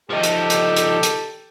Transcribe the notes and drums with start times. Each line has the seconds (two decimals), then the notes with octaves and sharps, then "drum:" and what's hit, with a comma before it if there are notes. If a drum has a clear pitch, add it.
0.10 F3 D#4 G4 A4
0.23 drum: hi-hat
0.50 drum: hi-hat
0.77 drum: hi-hat
1.03 drum: hi-hat